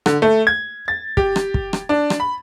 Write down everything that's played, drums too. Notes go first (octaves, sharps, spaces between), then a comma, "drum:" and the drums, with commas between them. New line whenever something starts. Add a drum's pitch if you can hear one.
D3, drum: rim click
A3
G#6
A6
G4, drum: kick
drum: rim click
drum: kick
drum: rim click
D4
drum: rim click
B5